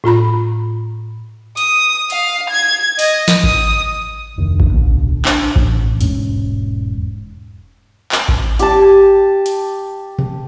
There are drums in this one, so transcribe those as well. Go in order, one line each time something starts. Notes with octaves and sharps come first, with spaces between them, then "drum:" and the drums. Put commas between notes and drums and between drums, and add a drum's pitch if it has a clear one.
A2 F4 A#5 B5
D#6, drum: hi-hat
F5, drum: hi-hat
G#6
D#5, drum: open hi-hat
drum: snare
D#6, drum: kick A1
F1 D2 D#3
drum: kick A1
D1 B1 B2 D3
D4, drum: clap
A1, drum: kick A1
E1 G#2 C#4, drum: hi-hat
drum: clap
drum: kick A1
G4 A5, drum: hi-hat
drum: hi-hat
drum: tom B2